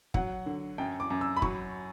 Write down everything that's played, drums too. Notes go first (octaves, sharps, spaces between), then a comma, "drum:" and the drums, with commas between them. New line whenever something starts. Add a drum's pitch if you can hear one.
F#3 F#5, drum: kick
D3
F#2 G5
D6
F#2
E6
B5
F#3 C#6, drum: kick